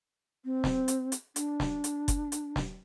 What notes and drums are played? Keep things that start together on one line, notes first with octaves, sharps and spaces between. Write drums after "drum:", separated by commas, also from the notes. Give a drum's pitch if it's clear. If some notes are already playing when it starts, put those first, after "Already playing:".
C4
drum: snare
drum: hi-hat
drum: hi-hat
D4, drum: hi-hat
drum: snare
drum: hi-hat
drum: kick F#1, hi-hat
drum: hi-hat
drum: snare